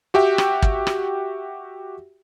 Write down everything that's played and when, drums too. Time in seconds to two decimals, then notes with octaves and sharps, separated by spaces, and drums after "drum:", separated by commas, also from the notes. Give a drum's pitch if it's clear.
0.14 F#4 G4 E5 G5
0.38 drum: rim click
0.62 drum: kick
0.87 drum: rim click